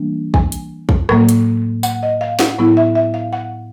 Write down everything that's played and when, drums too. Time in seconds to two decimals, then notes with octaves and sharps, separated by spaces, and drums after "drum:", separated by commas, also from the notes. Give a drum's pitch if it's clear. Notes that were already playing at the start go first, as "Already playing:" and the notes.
Already playing: E3 G3 A#3 D4
0.34 G#5, drum: kick
0.52 drum: hi-hat
0.89 drum: kick
1.09 A2 F#3 A#3, drum: rim click
1.29 drum: hi-hat
1.83 F#5, drum: tambourine
2.03 D#5
2.21 F5
2.39 F#5, drum: snare
2.58 A2 F#3 B3 E4
2.77 E5
2.95 E5
3.14 F5
3.33 F#5